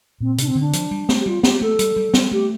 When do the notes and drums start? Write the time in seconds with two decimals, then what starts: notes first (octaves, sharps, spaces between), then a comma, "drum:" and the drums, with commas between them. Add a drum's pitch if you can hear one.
0.20 A#2 C4
0.38 C3 D4, drum: hi-hat
0.47 C4
0.55 D3 D4
0.73 F3, drum: hi-hat
0.91 G3
1.09 A3, drum: snare
1.19 G4
1.26 G3 F4
1.43 A#3 G4, drum: snare
1.61 A3 A4
1.79 G3, drum: hi-hat
1.96 G3
2.14 G3, drum: snare
2.32 A3 G4